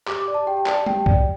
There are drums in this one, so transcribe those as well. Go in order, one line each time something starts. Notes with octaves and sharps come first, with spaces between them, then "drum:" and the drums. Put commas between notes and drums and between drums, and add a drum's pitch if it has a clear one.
G4 D6, drum: clap
D6
D5
A5
G4 G5
G5
D5 A5, drum: clap
A5
G4 G5, drum: tom G3
D5, drum: kick